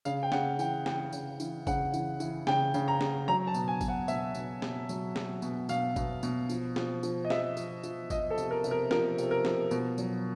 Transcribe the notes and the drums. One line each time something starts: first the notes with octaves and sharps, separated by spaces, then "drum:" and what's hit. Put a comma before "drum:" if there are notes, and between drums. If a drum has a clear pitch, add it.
C#3 F5, drum: tambourine
G5
C#3 F#5, drum: snare
E3 G5, drum: tambourine
E3 G5, drum: snare
C#3, drum: tambourine
E3, drum: tambourine
C#3 F#5, drum: kick G#1, tambourine
E3, drum: tambourine
E3, drum: tambourine
C#3 G5, drum: snare
C#3, drum: tambourine
A#5
C#3, drum: snare
F#3 A#5
A5
B2, drum: tambourine
G#5
B2, drum: kick G#1, tambourine
F#5
B2 E5, drum: tambourine
B2, drum: tambourine
B2, drum: snare
F#3, drum: tambourine
F#3, drum: snare
B2, drum: tambourine
B2 F5, drum: tambourine
B2, drum: kick G#1, tambourine
B2, drum: tambourine
F3, drum: tambourine
F3, drum: snare
F3, drum: tambourine
D#5
F3 E5, drum: snare
F3, drum: tambourine
F3, drum: tambourine
F3 D#5, drum: kick G#1, tambourine
A4
C3, drum: tambourine
A#4
C3, drum: tambourine
A#4
F3 A#4, drum: snare
C3, drum: tambourine
A#4
F3, drum: snare
B2, drum: tambourine
F#3, drum: tambourine